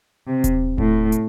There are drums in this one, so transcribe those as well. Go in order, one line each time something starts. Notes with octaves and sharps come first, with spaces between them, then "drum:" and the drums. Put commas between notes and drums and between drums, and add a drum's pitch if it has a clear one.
C3
drum: kick D#1, hi-hat
A2, drum: kick D#1
drum: hi-hat